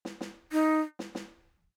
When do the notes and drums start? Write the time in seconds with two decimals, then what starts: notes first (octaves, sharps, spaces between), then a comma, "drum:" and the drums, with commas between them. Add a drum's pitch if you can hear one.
0.05 drum: snare
0.21 drum: snare
0.52 D#4
0.99 drum: snare
1.15 drum: snare